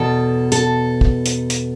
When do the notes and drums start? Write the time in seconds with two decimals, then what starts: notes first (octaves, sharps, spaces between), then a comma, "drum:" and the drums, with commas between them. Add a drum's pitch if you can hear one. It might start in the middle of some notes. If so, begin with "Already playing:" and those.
Already playing: E2 B2 A4
0.52 A4, drum: hi-hat
1.01 drum: kick
1.26 drum: hi-hat
1.50 drum: hi-hat